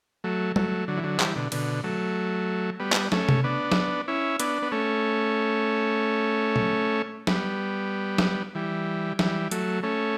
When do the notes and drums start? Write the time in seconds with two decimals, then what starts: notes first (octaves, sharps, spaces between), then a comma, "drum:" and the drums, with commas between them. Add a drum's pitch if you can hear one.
0.24 F#3 A3
0.56 F#3 A3, drum: tom G3
0.88 D3 F#3
0.97 E3
1.04 D3 F#3
1.20 E3 G3, drum: clap
1.35 B2 D3
1.52 B2 D3, drum: cymbal
1.84 F#3 A3
2.80 G3 B3
2.92 drum: clap
3.12 A3 C#4, drum: snare
3.29 drum: tom C3
3.44 B3 D4
3.72 drum: snare
4.08 C#4 E4
4.40 B3 D4, drum: hi-hat
4.62 B3
4.72 A3 C#4
6.56 drum: tom A#2
7.27 G3 B3, drum: snare
8.18 drum: snare
8.55 E3 G3
9.19 E3 G3, drum: snare
9.51 F#3 A3, drum: hi-hat
9.83 A3 C#4